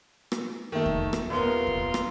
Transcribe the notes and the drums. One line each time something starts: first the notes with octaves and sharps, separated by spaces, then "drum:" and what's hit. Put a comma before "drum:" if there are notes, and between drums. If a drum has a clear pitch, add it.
drum: rim click
D#3 A3
drum: kick E2
drum: rim click
D#1 B3 F4 A#4
drum: kick E2
drum: rim click